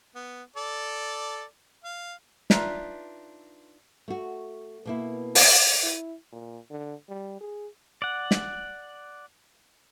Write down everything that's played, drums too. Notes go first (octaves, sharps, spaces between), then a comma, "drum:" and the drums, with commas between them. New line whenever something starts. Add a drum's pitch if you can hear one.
B3
A4 D5
F5
D4 D#4 F4 B4 E5, drum: snare
A3 F#4
B2 A#3 E4
drum: open hi-hat
E4
A#2
D3
G3
G#4
D5 F#5
drum: snare